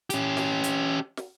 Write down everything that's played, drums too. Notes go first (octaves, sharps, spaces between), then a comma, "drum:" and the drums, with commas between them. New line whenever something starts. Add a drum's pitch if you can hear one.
C#4 G4, drum: hi-hat
drum: snare
drum: hi-hat
drum: snare